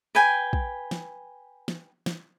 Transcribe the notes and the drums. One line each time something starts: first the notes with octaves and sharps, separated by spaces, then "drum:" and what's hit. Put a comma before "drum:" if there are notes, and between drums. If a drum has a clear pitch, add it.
B4 G5 G#5
drum: kick
drum: snare
drum: snare
drum: snare